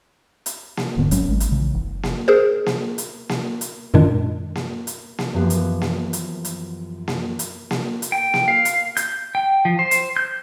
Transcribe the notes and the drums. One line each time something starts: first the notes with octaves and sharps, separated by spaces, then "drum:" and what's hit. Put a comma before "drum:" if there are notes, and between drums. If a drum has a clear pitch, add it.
drum: hi-hat
drum: snare A#3
D1 G#2 D3 B3
A1 F#3 G#3 C#4, drum: hi-hat
G#1 G#3
drum: hi-hat
A#1 C#3 E3
F#1
drum: snare A#3
G#4 A#4 C5
drum: snare A#3
drum: hi-hat
drum: snare A#3
drum: hi-hat
F#2 A#2 D#3 G#3 D4
drum: snare A#3
drum: hi-hat
drum: snare A#3
F#2 E3 F3 B3 G4 F5
drum: hi-hat
drum: snare A#3
drum: hi-hat
drum: hi-hat
drum: snare A#3
drum: hi-hat
drum: snare A#3
drum: hi-hat
G5
drum: snare A#3
F5
drum: hi-hat
G6, drum: hi-hat
G5
F3
C5
drum: hi-hat
G6